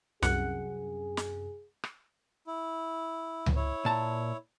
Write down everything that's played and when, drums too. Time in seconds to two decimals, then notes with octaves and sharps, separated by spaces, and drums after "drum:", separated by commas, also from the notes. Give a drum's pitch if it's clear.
0.22 C2 F#2 C3 G#4 F#5, drum: snare
1.17 drum: snare
1.84 drum: rim click
2.47 E4
3.46 drum: tom C#2
3.56 E4 C#5
3.85 A#2 A5 A#5